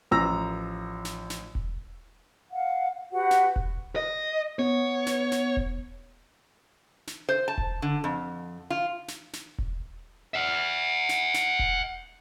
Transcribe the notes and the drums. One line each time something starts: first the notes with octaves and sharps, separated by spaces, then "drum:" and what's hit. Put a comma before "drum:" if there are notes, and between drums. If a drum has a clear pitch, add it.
A1 F3 A#5 E6 A#6
drum: snare
drum: snare
drum: kick E1
F5 F#5
F#4 G4 B4 F#5
drum: snare
drum: kick E1
D#5
B3 C#5
drum: snare
drum: snare
drum: kick E1
drum: snare
C5
A5
drum: kick E1
D3
F2
F4
drum: snare
drum: snare
drum: kick E1
E5 F#5
drum: snare
drum: snare
drum: kick E1